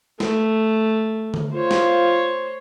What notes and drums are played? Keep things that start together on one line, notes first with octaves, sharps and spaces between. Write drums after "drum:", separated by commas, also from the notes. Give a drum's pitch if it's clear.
A3, drum: snare
drum: tom D3
F4 C5 C#5
drum: snare